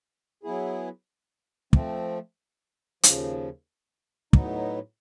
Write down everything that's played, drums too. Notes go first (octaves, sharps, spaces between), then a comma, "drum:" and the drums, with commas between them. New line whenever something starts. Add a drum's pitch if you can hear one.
F#3 B3 E4 G#4
F3 A3 C4, drum: kick
D#2 C#3 F3, drum: hi-hat
A2 F#3 B3 D#4, drum: kick